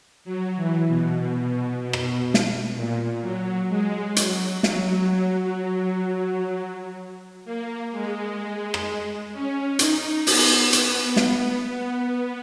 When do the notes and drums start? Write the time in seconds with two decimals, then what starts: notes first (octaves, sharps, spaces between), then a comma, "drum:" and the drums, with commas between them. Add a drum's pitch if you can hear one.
0.25 F#3
0.56 E3
0.87 B2
1.93 drum: rim click
2.34 drum: snare
2.75 A#2
3.22 F#3
3.69 G#3
4.16 F#3, drum: hi-hat
4.63 F#3, drum: snare
7.45 A#3
7.92 G#3
8.74 drum: rim click
9.33 C#4
9.79 D#4, drum: hi-hat
10.27 B3, drum: open hi-hat
10.73 B3, drum: hi-hat
11.16 drum: snare